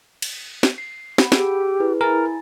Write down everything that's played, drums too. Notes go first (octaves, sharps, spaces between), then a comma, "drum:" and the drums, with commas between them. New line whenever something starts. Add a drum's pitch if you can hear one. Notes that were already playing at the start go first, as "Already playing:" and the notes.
drum: cymbal
drum: snare
C7
F#5 B5, drum: snare
G4 G#4 E6 D7, drum: snare
E4 G#4 B4
E4 A#4 G#5 A#5 A6